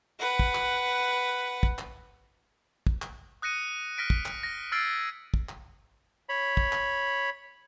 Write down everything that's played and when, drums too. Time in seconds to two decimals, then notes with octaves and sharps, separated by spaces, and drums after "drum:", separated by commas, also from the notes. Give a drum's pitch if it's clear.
0.19 B4 F#5
0.39 drum: kick
0.55 drum: clap
1.63 drum: kick
1.78 drum: clap
2.87 drum: kick
3.02 drum: clap
3.42 D#6 F#6 A#6 C#7 D#7
3.98 F6 A#6 B6 D7
4.10 drum: kick
4.26 drum: clap
4.43 A#6
4.72 E6 F6 G#6 A6 C7 D7
5.34 drum: kick
5.49 drum: clap
6.29 C#5 B5
6.57 drum: kick
6.73 drum: clap